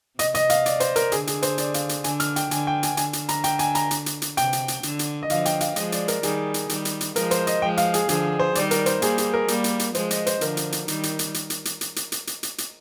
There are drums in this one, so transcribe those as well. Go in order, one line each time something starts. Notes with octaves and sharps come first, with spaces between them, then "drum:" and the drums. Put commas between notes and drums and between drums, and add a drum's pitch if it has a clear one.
C3 D#5, drum: hi-hat
D#5, drum: hi-hat
F5, drum: hi-hat
D5, drum: hi-hat
C5, drum: hi-hat
A#4, drum: hi-hat
D3 G#4, drum: hi-hat
G#4, drum: hi-hat
C5, drum: hi-hat
D5, drum: hi-hat
F5, drum: hi-hat
drum: hi-hat
D3 G#5, drum: hi-hat
F6, drum: hi-hat
G5, drum: hi-hat
D3 G#5, drum: hi-hat
G5
G#5, drum: hi-hat
D3 G#5, drum: hi-hat
drum: hi-hat
A#5, drum: hi-hat
G5, drum: hi-hat
G#5, drum: hi-hat
A#5, drum: hi-hat
drum: hi-hat
drum: hi-hat
drum: hi-hat
C3 G5, drum: hi-hat
drum: hi-hat
drum: hi-hat
D3, drum: hi-hat
drum: hi-hat
D#5
D3 F3 F5, drum: hi-hat
G5, drum: hi-hat
F5, drum: hi-hat
F3 G#3 D#5, drum: hi-hat
D5, drum: hi-hat
A#4, drum: hi-hat
D#3 G3 G#4, drum: hi-hat
drum: hi-hat
D#3 G3, drum: hi-hat
drum: hi-hat
drum: hi-hat
F3 G#3 A#4, drum: hi-hat
C5, drum: hi-hat
D#5, drum: hi-hat
F3 G#3 G5
F5, drum: hi-hat
G#4, drum: hi-hat
D3 F3 G#4, drum: hi-hat
C5
D#3 G3 D5, drum: hi-hat
A#4, drum: hi-hat
C5, drum: hi-hat
G3 A#3 G#4, drum: hi-hat
G#4, drum: hi-hat
A#4
G3 A#3, drum: hi-hat
drum: hi-hat
drum: hi-hat
F3 G#3 C5, drum: hi-hat
D#5, drum: hi-hat
C5, drum: hi-hat
D3 F3 A#4, drum: hi-hat
drum: hi-hat
drum: hi-hat
D#3 G3, drum: hi-hat
drum: hi-hat
drum: hi-hat
drum: hi-hat
drum: hi-hat
drum: hi-hat
drum: hi-hat
drum: hi-hat
drum: hi-hat
drum: hi-hat
drum: hi-hat
drum: hi-hat